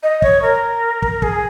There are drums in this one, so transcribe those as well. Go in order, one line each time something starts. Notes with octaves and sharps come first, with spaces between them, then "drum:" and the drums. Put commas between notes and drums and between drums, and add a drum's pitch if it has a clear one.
D#5
C#5, drum: kick
A#4
drum: kick
G#4, drum: kick